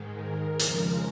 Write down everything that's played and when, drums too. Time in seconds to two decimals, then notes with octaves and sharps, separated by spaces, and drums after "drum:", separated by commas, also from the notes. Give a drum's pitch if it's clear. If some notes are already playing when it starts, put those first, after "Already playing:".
Already playing: G#2 D#3 G#3
0.15 A#4
0.59 F2 C#3 F3 G#3, drum: hi-hat